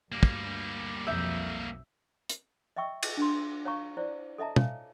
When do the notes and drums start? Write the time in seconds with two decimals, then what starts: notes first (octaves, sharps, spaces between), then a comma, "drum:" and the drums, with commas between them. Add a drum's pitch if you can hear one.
0.12 D2 G2 G3 A#3
0.23 drum: kick
1.07 B1 F2 E5 G6
2.29 drum: hi-hat
2.76 D#5 E5 G5 C#6 E6
3.03 drum: cymbal
3.17 D4 C6
3.65 C#5 F5 A#5 C#6
3.97 E4 C5 D5
4.38 A4 D#5 E5 A5 A#5
4.56 C#5 F5 G#5, drum: tom